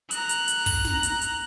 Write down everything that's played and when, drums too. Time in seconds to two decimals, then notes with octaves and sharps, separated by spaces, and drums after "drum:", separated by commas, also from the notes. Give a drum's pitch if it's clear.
0.11 A#5 F#6, drum: hi-hat
0.29 drum: hi-hat
0.48 drum: hi-hat
0.66 drum: kick, open hi-hat
0.85 drum: snare
1.03 drum: hi-hat
1.21 drum: hi-hat